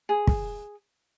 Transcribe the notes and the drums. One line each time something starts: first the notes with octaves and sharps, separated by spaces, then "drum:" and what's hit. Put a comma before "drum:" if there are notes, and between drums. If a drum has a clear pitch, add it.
G#4
drum: kick